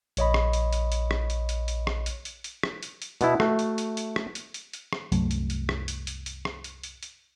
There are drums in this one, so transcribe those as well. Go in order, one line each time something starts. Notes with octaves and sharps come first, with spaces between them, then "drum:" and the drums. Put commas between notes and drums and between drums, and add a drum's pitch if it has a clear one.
A#1 C#5 D#5 B5, drum: hi-hat
drum: rim click
drum: hi-hat
drum: hi-hat
drum: hi-hat
drum: rim click
drum: hi-hat
drum: hi-hat
drum: hi-hat
drum: rim click
drum: hi-hat
drum: hi-hat
drum: hi-hat
drum: rim click
drum: hi-hat
drum: hi-hat
B2 B3 E4, drum: hi-hat
A3 F#4, drum: rim click
drum: hi-hat
drum: hi-hat
drum: hi-hat
drum: rim click
drum: hi-hat
drum: hi-hat
drum: hi-hat
drum: rim click
C2 F#2 F#3 A3, drum: hi-hat
drum: hi-hat
drum: hi-hat
drum: rim click
drum: hi-hat
drum: hi-hat
drum: hi-hat
drum: rim click
drum: hi-hat
drum: hi-hat
drum: hi-hat